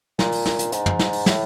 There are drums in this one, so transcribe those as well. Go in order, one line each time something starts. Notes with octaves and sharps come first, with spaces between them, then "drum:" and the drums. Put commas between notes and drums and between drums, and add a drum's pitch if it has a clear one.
A#2, drum: snare
drum: open hi-hat
drum: snare
drum: hi-hat
G#2, drum: hi-hat
drum: tom
drum: snare
drum: open hi-hat
A2, drum: snare